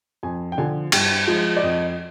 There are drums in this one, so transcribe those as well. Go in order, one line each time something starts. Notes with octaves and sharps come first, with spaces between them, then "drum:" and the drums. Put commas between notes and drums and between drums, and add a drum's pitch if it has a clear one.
F2 G#5
G5
D3 F3 G#5
G2 G5, drum: cymbal
F3 G#3
D5
F2 D#5